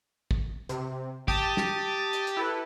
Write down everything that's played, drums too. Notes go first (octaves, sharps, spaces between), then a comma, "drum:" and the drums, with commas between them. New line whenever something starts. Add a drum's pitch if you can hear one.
drum: kick
C3, drum: hi-hat
G4 A5 D#6, drum: kick
drum: snare
drum: hi-hat
drum: hi-hat
E4 A4 B4